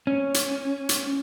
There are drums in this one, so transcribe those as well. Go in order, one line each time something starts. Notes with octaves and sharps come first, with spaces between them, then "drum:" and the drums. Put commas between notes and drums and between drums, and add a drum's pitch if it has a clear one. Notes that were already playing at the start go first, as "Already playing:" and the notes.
C#4
drum: hi-hat
drum: hi-hat